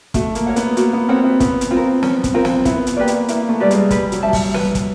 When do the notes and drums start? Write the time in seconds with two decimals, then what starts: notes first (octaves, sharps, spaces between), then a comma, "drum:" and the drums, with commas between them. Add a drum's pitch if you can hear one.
0.14 A3 F#4, drum: kick, hi-hat
0.35 A#3, drum: hi-hat
0.47 A#4 C#5 F#5
0.56 B3, drum: hi-hat
0.77 A#3 F#4, drum: hi-hat
0.93 B3
1.08 C4 A#4 C#5 F#5
1.24 B3
1.40 B3 C#4, drum: kick, hi-hat
1.61 drum: hi-hat
1.71 C4 F4
1.76 A#4
2.03 B3 C#4, drum: snare
2.24 drum: kick, hi-hat
2.34 C4 F4 A#4
2.45 drum: snare
2.65 B3 E4, drum: kick, hi-hat
2.87 drum: hi-hat
2.96 A#3 G4 B4 D5
3.07 drum: hi-hat
3.28 A#3 E4, drum: hi-hat
3.49 A3
3.60 G3 G4 B4 D5
3.71 G#3, drum: hi-hat
3.91 G3 B4, drum: kick, hi-hat
4.12 F#3, drum: hi-hat
4.22 G3 E5 A5
4.33 drum: kick, open hi-hat
4.54 B4, drum: snare
4.75 drum: kick, hi-hat